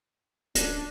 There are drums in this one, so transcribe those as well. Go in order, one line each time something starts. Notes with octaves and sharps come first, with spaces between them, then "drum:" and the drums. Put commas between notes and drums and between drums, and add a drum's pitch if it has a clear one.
D1 D4, drum: hi-hat